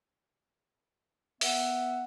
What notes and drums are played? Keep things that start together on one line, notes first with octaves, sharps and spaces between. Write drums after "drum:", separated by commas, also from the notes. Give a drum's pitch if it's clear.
B3 E5 F#5, drum: open hi-hat